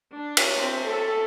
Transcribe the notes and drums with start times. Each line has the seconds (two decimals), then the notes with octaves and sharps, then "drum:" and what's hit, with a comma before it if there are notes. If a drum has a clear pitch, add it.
0.16 D4
0.37 drum: cymbal
0.57 C4
0.87 A4